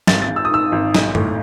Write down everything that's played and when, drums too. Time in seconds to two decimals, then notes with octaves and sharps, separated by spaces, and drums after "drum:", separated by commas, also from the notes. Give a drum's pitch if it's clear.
0.07 G#1 A6, drum: snare
0.22 A6
0.29 G#2
0.36 E6
0.45 D#6
0.51 D#3 E6
0.72 G#1
0.95 B1, drum: snare
1.15 A2, drum: tom